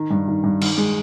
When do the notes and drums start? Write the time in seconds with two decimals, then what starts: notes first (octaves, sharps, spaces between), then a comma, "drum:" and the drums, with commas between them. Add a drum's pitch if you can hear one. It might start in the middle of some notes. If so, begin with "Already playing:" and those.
Already playing: D#3
0.11 G2
0.28 D#3
0.44 G2
0.61 D#3, drum: cymbal
0.78 G#3